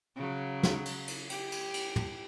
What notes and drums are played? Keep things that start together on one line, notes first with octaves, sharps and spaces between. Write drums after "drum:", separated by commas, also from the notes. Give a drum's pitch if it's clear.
C#3 F#3
drum: snare
drum: cymbal
drum: cymbal
G4, drum: cymbal
drum: cymbal
drum: cymbal
drum: tom